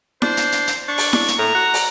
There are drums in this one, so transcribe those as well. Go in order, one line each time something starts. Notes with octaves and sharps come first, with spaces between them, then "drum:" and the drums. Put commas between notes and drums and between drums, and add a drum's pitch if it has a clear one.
D4 C5, drum: snare E4
drum: hi-hat
drum: hi-hat
drum: hi-hat
D4 C#6
drum: open hi-hat
drum: snare E4
drum: hi-hat
A2 A#5
F#4
drum: open hi-hat